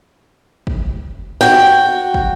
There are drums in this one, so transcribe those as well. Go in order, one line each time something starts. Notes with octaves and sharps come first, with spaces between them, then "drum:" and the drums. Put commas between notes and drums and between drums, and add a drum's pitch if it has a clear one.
drum: kick
F#4 G5
drum: kick